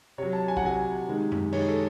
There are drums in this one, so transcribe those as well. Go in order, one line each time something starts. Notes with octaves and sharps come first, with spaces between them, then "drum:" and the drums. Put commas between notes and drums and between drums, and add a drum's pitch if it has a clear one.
C3 F#3 C#5
A5
G#5
F#5, drum: kick A#1
C3 F#3 G#5
C3 D#3 G#3
drum: tom F#2
C3 D#3 G#3 C#5, drum: cymbal
A4